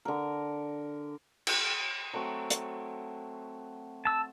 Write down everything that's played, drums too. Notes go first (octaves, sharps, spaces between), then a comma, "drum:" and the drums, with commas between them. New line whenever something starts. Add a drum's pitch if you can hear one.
D3 A#4
drum: cymbal
F#3 A3 C4
drum: hi-hat
A5 E6